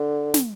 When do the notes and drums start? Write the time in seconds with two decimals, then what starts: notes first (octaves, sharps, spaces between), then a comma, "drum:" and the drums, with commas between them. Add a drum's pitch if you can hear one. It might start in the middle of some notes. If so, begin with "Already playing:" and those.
Already playing: D3
0.34 drum: snare